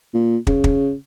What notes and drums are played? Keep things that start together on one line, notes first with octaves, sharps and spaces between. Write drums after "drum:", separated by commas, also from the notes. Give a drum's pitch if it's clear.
A#2
C#3, drum: kick
drum: kick